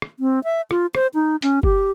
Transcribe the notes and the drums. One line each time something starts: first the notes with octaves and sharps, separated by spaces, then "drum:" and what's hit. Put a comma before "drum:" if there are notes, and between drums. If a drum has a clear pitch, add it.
drum: rim click
C4
E5
F4, drum: rim click
C5, drum: rim click
D#4
C#4, drum: hi-hat
G4, drum: kick F#1